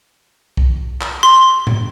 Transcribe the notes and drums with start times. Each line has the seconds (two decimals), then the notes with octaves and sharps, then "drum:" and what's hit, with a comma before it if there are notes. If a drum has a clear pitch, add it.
0.57 drum: kick B1
1.01 drum: clap
1.23 C6
1.67 drum: tom A2